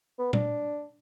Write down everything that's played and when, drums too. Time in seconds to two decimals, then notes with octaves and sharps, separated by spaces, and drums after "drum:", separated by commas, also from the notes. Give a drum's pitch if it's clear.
0.19 B3
0.33 D4, drum: tom A#2